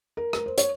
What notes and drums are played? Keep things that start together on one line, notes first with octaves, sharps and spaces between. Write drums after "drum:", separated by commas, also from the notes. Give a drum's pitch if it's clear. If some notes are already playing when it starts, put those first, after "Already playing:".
A#4
A#4, drum: rim click
C5
C#5, drum: hi-hat